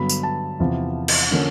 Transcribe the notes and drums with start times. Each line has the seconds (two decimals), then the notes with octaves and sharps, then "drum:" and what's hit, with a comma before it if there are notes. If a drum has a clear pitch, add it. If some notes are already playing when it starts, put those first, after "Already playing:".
Already playing: G2 D3 F#3 B3 B5
0.09 drum: tambourine
0.23 A5
0.60 E2 C3 F3
1.08 drum: cymbal
1.31 D3 F3 A#3 C#4